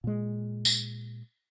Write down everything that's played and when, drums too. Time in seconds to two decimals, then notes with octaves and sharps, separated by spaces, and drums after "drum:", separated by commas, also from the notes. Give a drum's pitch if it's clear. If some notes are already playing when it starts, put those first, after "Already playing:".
0.04 A#2 G#3
0.65 drum: tambourine